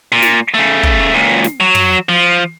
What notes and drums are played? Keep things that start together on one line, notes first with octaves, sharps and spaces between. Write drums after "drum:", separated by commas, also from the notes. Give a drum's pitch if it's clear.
A#2
drum: snare
C#3 A3
drum: kick
C#2 A#2
drum: snare
F#3
drum: tom
F3